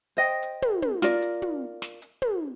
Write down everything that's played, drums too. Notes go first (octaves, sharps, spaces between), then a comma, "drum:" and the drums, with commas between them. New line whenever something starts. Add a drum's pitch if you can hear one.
C5 D#5 G5
drum: hi-hat
drum: tom
drum: tom
F4 A#4 D5, drum: snare
drum: hi-hat
drum: tom
drum: snare
drum: hi-hat
drum: tom